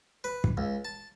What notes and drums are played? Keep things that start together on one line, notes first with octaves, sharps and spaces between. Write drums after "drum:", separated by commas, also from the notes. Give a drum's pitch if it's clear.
B4
drum: kick
C#2
A5